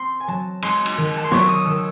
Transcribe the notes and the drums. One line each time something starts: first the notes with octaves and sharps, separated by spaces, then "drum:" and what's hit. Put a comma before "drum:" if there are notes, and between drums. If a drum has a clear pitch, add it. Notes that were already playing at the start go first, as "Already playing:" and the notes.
Already playing: C4 C6
G#5
F#3 A5
G#3 C6, drum: cymbal
drum: cymbal
D#3
A5
C6
F#3 C#6, drum: snare
E6
D#6
D#3 E6